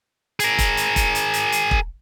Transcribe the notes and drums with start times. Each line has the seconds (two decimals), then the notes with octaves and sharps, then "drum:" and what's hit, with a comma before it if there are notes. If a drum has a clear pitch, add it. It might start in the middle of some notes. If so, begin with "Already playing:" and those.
0.40 G#4 A#4, drum: hi-hat
0.58 drum: kick E1, hi-hat
0.77 drum: hi-hat
0.96 drum: kick E1, hi-hat
1.15 drum: hi-hat
1.34 drum: hi-hat
1.52 drum: hi-hat
1.71 drum: kick E1